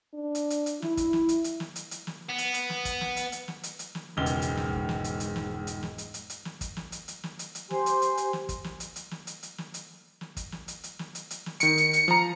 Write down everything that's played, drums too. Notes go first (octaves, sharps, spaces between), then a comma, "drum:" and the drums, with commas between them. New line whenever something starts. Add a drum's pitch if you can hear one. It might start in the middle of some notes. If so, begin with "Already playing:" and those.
D4
drum: hi-hat
drum: hi-hat
drum: hi-hat
E4, drum: snare
drum: kick, hi-hat
drum: snare
drum: hi-hat
drum: hi-hat
drum: snare
drum: hi-hat
drum: hi-hat
drum: snare
B3
drum: hi-hat
drum: hi-hat
drum: snare
drum: kick, hi-hat
drum: snare
drum: hi-hat
drum: hi-hat
drum: snare
drum: hi-hat
drum: hi-hat
drum: snare
E1 C#2 G#2 G7
drum: hi-hat
drum: hi-hat
drum: snare
drum: kick
drum: snare
drum: hi-hat
drum: hi-hat
drum: snare
drum: hi-hat
drum: snare
drum: hi-hat
drum: hi-hat
drum: hi-hat
drum: snare
drum: kick, hi-hat
drum: snare
drum: hi-hat
drum: hi-hat
drum: snare
drum: hi-hat
drum: hi-hat
G4 C5 G#5 C6, drum: snare
drum: hi-hat
drum: hi-hat
drum: hi-hat
drum: snare
drum: kick, hi-hat
drum: snare
drum: hi-hat
drum: hi-hat
drum: snare
drum: hi-hat
drum: hi-hat
drum: snare
drum: hi-hat
drum: snare
drum: kick, hi-hat
drum: snare
drum: hi-hat
drum: hi-hat
drum: snare
drum: hi-hat
drum: hi-hat
drum: snare
D#3 C#7 D7, drum: hi-hat
drum: hi-hat
drum: hi-hat
F3 A#5, drum: snare